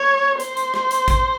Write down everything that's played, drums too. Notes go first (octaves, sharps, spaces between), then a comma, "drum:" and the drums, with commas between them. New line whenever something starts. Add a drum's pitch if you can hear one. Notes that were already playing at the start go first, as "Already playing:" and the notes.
Already playing: C#5
C5, drum: hi-hat
drum: hi-hat
drum: rim click
drum: hi-hat
drum: kick G#1, hi-hat